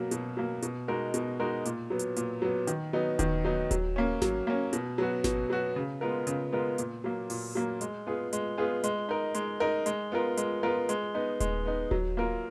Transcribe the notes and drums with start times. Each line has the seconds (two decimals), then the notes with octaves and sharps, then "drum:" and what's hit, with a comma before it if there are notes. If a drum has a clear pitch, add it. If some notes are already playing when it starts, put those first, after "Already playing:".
Already playing: B2 F#3 A#3
0.11 B2, drum: hi-hat
0.37 F#3 A#3
0.62 B2, drum: hi-hat
0.88 G#3 D#4 F#4 A#4
1.14 B2, drum: hi-hat
1.39 G#3 D#4 F#4 A#4
1.65 A#2, drum: hi-hat
1.90 F#3 B3
1.99 drum: hi-hat
2.16 A#2, drum: hi-hat
2.42 F#3 B3
2.67 D#3, drum: hi-hat
2.93 F#3 B3 D#4
3.19 D#3, drum: kick D#1, hi-hat
3.44 F#3 B3 D#4
3.71 F#3, drum: kick D#1, hi-hat
3.96 A#3 C#4
4.22 F#3, drum: snare G#1
4.47 A#3 C#4
4.73 B2, drum: hi-hat
4.98 F#3 B3 F#4
5.24 B2, drum: snare G#1
5.50 F#3 B3 F#4
5.76 C#3
6.01 G#3 B3 F4 A#4
6.27 C#3, drum: hi-hat
6.52 G#3 B3 F4 A#4
6.78 A#2, drum: hi-hat
7.04 F#3 A#3
7.30 A#2, drum: open hi-hat
7.55 F#3 A#3
7.81 G#3, drum: hi-hat
8.07 B3 F4 G#4
8.33 G#3, drum: hi-hat
8.58 B3 F4 G#4
8.84 G#3, drum: hi-hat
9.09 D#4 A#4
9.34 G#3, drum: hi-hat
9.60 D#4 A#4
9.86 G#3, drum: hi-hat
10.12 B3 F4 A#4
10.37 G#3, drum: hi-hat
10.63 B3 F4 A#4
10.89 G#3, drum: hi-hat
11.15 B3 D#4
11.40 G#3, drum: kick D#1, hi-hat
11.66 B3 D#4
11.91 F#3, drum: kick D#1
12.17 A#3 F4 A#4